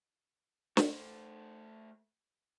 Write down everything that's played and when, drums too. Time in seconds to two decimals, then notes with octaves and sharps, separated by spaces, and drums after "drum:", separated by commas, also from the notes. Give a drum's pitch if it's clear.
0.77 A3 C5, drum: snare